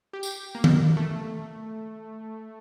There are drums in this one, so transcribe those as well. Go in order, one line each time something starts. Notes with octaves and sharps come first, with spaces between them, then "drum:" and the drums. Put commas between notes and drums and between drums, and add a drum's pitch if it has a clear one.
G4
drum: tambourine
A#3
drum: tom D#3
A3